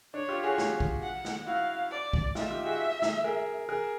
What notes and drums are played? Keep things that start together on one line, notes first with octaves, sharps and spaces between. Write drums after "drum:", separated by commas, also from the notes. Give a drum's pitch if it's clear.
D4 C#5
F4 G4
F#4 G#4
drum: snare
drum: kick A#1
F#5
drum: snare
E4 F#4 F5
D5
drum: kick A#1
D#4 F4 E5, drum: snare
F4 G4
F#4 G#4
drum: snare
G#4 A#4
G#4 A#4